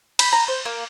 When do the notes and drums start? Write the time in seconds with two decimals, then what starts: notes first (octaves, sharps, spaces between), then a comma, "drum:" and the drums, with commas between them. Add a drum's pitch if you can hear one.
0.19 B5, drum: cymbal
0.33 A#5
0.48 C5
0.65 A#3